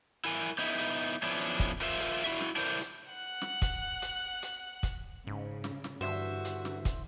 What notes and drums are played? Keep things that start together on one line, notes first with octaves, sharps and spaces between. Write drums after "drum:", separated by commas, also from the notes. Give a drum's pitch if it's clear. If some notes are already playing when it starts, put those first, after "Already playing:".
E4 A#4 G#5
B3 D#4 E4
drum: hi-hat
F3 B3 C#4 D4 E4
drum: kick, hi-hat
F4 A#4 C5 E5
drum: hi-hat
E4 F#4 E5
drum: snare
A3 D4 E4 A#4 C5
drum: hi-hat
F#5 F#6
drum: snare
drum: kick, hi-hat
drum: hi-hat
drum: hi-hat
drum: kick, hi-hat
G#2 C#3
drum: snare
drum: snare
G2 D3 E3 F#4 C5 E5
drum: hi-hat
drum: snare
drum: kick, hi-hat